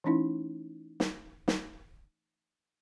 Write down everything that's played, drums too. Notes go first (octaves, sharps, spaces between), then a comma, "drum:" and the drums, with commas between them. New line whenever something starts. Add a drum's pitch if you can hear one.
E3 A3 C#4 D#4 E4
drum: snare
drum: snare